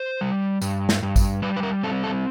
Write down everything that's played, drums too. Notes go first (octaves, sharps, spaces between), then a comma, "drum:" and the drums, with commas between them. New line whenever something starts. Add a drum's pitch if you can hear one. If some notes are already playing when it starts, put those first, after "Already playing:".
Already playing: C5
G3
G2, drum: tambourine
drum: snare
G2
drum: kick, tambourine
G3 B4
B4
A#4
C4 A4
A4